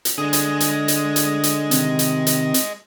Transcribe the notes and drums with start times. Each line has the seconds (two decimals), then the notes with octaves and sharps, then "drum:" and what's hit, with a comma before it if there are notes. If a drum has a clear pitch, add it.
0.05 drum: hi-hat
0.18 D3 G#3 G#4
0.33 drum: hi-hat
0.60 drum: hi-hat
0.88 drum: hi-hat
1.16 drum: hi-hat
1.43 drum: hi-hat
1.71 C3 D#3, drum: hi-hat
1.99 drum: hi-hat
2.27 drum: hi-hat
2.54 drum: hi-hat